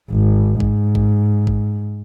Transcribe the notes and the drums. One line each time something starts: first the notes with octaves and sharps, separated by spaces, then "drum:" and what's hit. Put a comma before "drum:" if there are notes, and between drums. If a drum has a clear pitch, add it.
G#1
G#2, drum: kick G#1
drum: kick G#1
drum: kick G#1